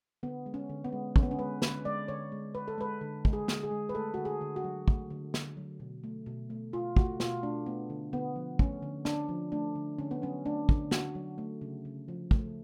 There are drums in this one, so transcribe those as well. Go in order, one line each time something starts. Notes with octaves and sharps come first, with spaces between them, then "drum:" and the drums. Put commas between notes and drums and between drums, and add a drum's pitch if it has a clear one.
D3 B3
G#3
C#4
D3
B3
G#3
D3 C#4, drum: kick
B3
C#4
G#3 B4
D3 B4, drum: snare
G#3 D5
D3 C#5
G#3
D3 B4
A4
G#3 B4
D3
G#3, drum: kick
G#4
D3, drum: snare
G#4
G#3
B4
A3 A4
D3 F#4
G#4
D3
F#4
F#3
A3, drum: kick
D3
D3, drum: snare
F#3
B2
A3
B2
A3
B2 F4
A3 F#4, drum: kick
B2 F4, drum: snare
A3 D4
A3 B3
D3
D3 B3
F3
A3 C#4, drum: kick
D3
D3 D4, drum: snare
F3
A3 D4
D3
D3 C#4
B3
F#3 C#4
A3 D4
D3, drum: kick
D3 F#4, drum: snare
F#3
A3
C#3
C#3
F3
A3, drum: kick